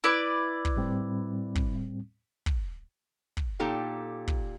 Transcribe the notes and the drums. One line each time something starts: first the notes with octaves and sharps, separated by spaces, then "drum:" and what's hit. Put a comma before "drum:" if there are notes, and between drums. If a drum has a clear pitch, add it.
E4 B4 D5
drum: kick
A2 G3 C4
drum: kick
drum: kick
drum: kick
A#2 D#4 G4 A4 G5
drum: kick